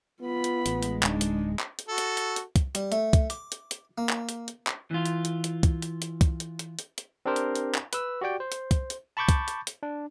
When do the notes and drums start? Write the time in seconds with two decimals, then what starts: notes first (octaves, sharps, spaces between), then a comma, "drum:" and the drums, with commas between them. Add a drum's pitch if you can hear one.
0.22 B3 F4 B5
0.44 drum: hi-hat
0.66 A1 G#3, drum: hi-hat
0.83 drum: hi-hat
1.03 D1 D4 D#4, drum: clap
1.21 drum: hi-hat
1.59 drum: clap
1.79 drum: hi-hat
1.88 F#4 A4
1.98 drum: hi-hat
2.17 drum: hi-hat
2.36 drum: hi-hat
2.56 drum: kick, hi-hat
2.75 G3, drum: hi-hat
2.92 A3, drum: hi-hat
3.13 drum: kick, hi-hat
3.30 D6, drum: hi-hat
3.52 drum: hi-hat
3.71 drum: hi-hat
3.98 A#3
4.09 drum: clap
4.29 drum: hi-hat
4.48 drum: hi-hat
4.67 drum: clap
4.91 E3 F4
5.06 drum: hi-hat
5.25 drum: hi-hat
5.44 drum: hi-hat
5.63 drum: kick, hi-hat
5.82 drum: hi-hat
6.02 drum: hi-hat
6.21 drum: kick, hi-hat
6.40 drum: hi-hat
6.59 drum: hi-hat
6.79 drum: hi-hat
6.98 drum: hi-hat
7.25 C4 D4 G4 A#4 C5
7.36 drum: hi-hat
7.55 drum: hi-hat
7.75 drum: clap
7.93 B4 E6, drum: hi-hat
8.21 F#4 G4 D5 G5
8.40 C5
8.52 drum: hi-hat
8.71 drum: kick, hi-hat
8.90 drum: hi-hat
9.17 A5 B5 C#6 D6 G6 A6
9.29 drum: kick, hi-hat
9.48 drum: hi-hat
9.67 drum: hi-hat
9.83 D4